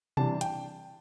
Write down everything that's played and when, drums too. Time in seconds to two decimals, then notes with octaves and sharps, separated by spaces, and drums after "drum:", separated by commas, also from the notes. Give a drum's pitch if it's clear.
0.17 C3 E3 G3 D4 A5, drum: tom B2
0.41 G5, drum: hi-hat